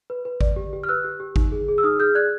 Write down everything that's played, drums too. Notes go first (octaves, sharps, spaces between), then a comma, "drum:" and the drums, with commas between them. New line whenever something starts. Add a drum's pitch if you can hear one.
B4
B4
D5, drum: kick G#1
G4
G4
F6
B4 E6 F#6
G4
G4
D#4, drum: kick G#1
G#4
G#4
E6
D#4 D#6 F6
G#4 F6 G6
D5 F#6 G#6